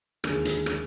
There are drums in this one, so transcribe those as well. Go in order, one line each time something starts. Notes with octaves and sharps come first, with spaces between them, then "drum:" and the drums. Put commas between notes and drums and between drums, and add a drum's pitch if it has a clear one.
D#2 D3 F3 G#3 G#4, drum: rim click
drum: hi-hat
drum: rim click